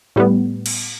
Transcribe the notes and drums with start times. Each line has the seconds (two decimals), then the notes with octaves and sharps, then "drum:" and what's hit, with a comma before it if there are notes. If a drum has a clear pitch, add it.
0.16 A2 G3 B3
0.66 drum: cymbal